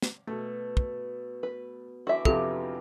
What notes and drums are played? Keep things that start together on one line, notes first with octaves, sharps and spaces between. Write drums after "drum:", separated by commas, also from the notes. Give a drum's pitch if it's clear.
drum: snare
B2 A3
drum: kick
B4
D3 E3 F#4 E5 D6
F2 C3 F3 G4 A4, drum: kick